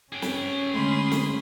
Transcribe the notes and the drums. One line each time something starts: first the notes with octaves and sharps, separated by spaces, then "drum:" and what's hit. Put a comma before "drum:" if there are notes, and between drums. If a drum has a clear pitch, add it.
C#4 G#4 G5
drum: snare
D3 G#3 A3 B5 C6
drum: snare